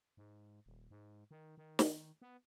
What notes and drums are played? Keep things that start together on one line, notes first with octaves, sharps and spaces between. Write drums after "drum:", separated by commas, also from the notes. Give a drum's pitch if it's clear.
G#2
D#1
G#2
D#3
D#3
drum: snare
B3